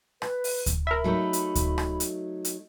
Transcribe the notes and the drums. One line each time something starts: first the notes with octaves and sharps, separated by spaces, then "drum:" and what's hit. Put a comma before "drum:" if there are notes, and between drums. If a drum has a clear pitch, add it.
B4, drum: rim click
drum: open hi-hat
drum: kick D2, hi-hat
A#4 E5 B5
F#3 A3 D#4
drum: hi-hat
drum: kick D2, hi-hat
drum: rim click
drum: hi-hat
drum: hi-hat